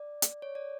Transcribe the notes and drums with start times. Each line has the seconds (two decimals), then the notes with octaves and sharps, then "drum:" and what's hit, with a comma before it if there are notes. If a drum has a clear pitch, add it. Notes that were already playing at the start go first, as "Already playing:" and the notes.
Already playing: D5
0.22 drum: hi-hat
0.42 C#5
0.55 D5